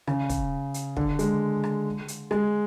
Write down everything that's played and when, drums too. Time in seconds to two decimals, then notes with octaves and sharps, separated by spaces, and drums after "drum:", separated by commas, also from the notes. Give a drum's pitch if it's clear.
0.07 C#3, drum: rim click
0.30 drum: kick, hi-hat
0.74 drum: hi-hat
0.97 D3, drum: kick
1.19 G#3, drum: hi-hat
1.64 drum: rim click
2.08 drum: hi-hat
2.31 G#3, drum: rim click